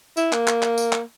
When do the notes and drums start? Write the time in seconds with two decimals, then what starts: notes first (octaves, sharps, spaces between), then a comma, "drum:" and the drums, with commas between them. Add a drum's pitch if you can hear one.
0.17 E4, drum: tambourine
0.33 A#3, drum: clap
0.48 drum: clap
0.63 drum: clap
0.78 drum: tambourine
0.93 drum: clap